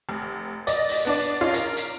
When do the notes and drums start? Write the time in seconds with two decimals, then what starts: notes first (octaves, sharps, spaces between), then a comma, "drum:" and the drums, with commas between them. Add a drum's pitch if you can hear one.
0.09 F1
0.67 D5 D#5, drum: hi-hat
0.89 drum: open hi-hat
1.05 B3 D4 D5
1.41 C#4 D#4 F4
1.54 A#4, drum: hi-hat
1.76 drum: hi-hat